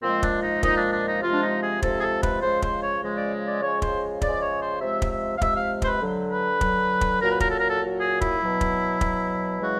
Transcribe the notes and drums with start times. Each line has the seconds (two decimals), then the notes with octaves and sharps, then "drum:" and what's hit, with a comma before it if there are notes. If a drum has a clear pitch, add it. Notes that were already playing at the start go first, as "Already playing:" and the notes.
0.03 A#2 F3 G#3 C4
0.23 D4, drum: kick
0.43 D#4
0.63 A#2 F3 G#3 D#4, drum: kick
0.78 D4
0.93 D4
1.08 D#4
1.22 C3 F3 G#3 F4
1.33 D4
1.42 D#4
1.63 G#4
1.82 C3 F3 G#3 A4, drum: kick
1.98 G#4
2.02 A4
2.23 B4, drum: kick
2.42 C#3 F3 G#3 C5
2.62 C5, drum: kick
2.83 C#5
3.02 C#3 F3 G#3
3.17 D5
3.32 D#5
3.47 D5
3.62 C#3 F3 G#3 C#5
3.82 C5, drum: kick
4.22 C#3 F3 G#3 D5, drum: kick
4.42 C#5
4.62 C5
4.81 C3 F3 G#3 E5
5.02 drum: kick
5.11 E5
5.37 F5
5.42 C3 F3 G#3 E5, drum: kick
5.57 F5
5.82 C5, drum: kick
5.87 B4
6.02 D3 F#3
6.31 B4
6.61 D3 F#3, drum: kick
7.01 drum: kick
7.21 A#2 F#3 A#4
7.31 B4
7.40 A#4, drum: kick
7.51 A4
7.60 A#4
7.70 A4
7.81 A#2 F#3
8.01 G#4
8.21 E4, drum: kick
8.41 B2 F#3
8.61 drum: kick
9.01 B2 F#3, drum: kick
9.60 C#3 E3 G#3 F#4